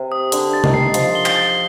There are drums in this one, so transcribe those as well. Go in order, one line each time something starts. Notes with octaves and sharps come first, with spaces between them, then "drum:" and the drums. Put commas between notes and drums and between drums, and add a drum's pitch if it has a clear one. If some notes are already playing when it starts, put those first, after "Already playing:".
Already playing: C3
D#6
D3 D#6, drum: hi-hat
A6
D#3, drum: tom C3
C7
F3 C7, drum: hi-hat
G7
drum: clap
A6